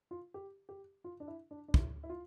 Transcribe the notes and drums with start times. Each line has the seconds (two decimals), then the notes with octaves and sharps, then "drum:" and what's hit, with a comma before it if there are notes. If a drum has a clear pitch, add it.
0.11 F4
0.34 G4
0.69 G4
1.04 F4
1.20 D4
1.28 E4
1.51 D4
1.68 D4
1.74 E4, drum: kick
2.03 E4
2.09 F4